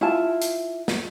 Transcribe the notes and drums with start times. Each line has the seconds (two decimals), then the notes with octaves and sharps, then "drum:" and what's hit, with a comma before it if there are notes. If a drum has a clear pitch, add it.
0.01 E4 F4 A5
0.42 drum: hi-hat
0.88 drum: snare